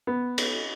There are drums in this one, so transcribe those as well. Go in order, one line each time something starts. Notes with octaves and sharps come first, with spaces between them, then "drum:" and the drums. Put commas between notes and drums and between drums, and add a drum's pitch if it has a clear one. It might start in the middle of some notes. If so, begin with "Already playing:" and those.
B3
drum: cymbal